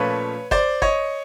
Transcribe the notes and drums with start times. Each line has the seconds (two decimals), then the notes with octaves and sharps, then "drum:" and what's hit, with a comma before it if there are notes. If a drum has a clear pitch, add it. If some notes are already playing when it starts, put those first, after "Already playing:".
Already playing: A#2 F3 A3 C#4 B4 C#5
0.51 C5 D5, drum: kick
0.82 C#5 D#5, drum: kick